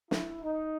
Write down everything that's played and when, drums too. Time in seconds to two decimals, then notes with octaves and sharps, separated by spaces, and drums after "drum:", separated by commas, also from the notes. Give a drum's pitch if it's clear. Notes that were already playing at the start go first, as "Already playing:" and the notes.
0.11 E4, drum: snare
0.42 D#4